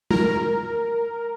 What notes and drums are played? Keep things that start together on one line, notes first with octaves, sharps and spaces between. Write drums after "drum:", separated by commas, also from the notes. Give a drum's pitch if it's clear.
A#4, drum: tom G#3